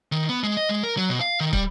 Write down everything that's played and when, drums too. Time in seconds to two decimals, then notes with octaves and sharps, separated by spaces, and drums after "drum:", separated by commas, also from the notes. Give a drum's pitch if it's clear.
0.12 D#3
0.29 B3
0.44 G#3
0.57 D#5
0.69 G#3
0.83 A#4
0.97 F#3
1.09 B2
1.20 F5
1.40 D#3
1.53 G3, drum: kick